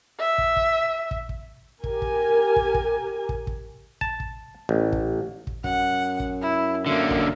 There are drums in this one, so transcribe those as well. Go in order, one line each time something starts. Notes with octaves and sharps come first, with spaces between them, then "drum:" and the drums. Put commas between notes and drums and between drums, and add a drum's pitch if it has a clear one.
E5
drum: kick
drum: kick
drum: kick
drum: kick
G4 A#4 G#5, drum: kick
drum: kick
drum: kick
drum: kick
drum: kick
drum: kick
A5, drum: kick
drum: kick
A1
drum: kick
drum: kick
F#2 F#5, drum: kick
drum: kick
E4
F#2 D3 A#3 E5
drum: kick